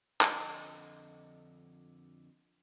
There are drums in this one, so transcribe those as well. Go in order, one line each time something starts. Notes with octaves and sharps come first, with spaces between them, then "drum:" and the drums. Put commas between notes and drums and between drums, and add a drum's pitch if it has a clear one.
F2 D3 D#5 F#5, drum: clap